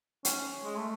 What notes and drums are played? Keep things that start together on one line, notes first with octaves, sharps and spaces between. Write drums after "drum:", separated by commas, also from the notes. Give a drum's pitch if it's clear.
C#4, drum: hi-hat
G#3
A3